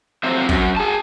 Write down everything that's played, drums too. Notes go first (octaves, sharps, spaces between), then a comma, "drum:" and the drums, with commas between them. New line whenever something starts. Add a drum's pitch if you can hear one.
F2 F#3 C4 C5 E5
F#2 F#3, drum: kick
G#4 A5